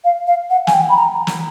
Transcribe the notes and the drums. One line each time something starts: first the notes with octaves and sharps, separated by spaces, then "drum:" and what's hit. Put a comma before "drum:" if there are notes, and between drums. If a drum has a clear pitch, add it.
F5
F5
F#5
G#5, drum: snare
G5
B5
A#5
drum: snare